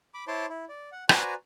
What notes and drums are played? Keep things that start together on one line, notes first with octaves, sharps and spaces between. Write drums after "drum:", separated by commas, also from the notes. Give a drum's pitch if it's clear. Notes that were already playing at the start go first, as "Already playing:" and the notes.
B5 D6
E4 C5 C#5 A5 C6 D6
E4
D5
F#5
F#4 B4 C5 D5 G#5 A#5, drum: rim click